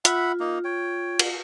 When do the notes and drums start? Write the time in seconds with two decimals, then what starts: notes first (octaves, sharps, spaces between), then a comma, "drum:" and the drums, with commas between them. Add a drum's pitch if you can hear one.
0.05 F4 E5 F#5 B5, drum: hi-hat
0.40 A#3 D#4
0.64 C#5 G5
1.19 drum: cymbal